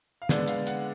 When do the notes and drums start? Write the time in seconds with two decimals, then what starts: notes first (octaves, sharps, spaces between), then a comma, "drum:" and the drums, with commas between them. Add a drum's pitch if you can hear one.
0.22 F5
0.29 D3 G#3 B3 D4 D5, drum: snare
0.47 F5, drum: hi-hat
0.67 F#5, drum: hi-hat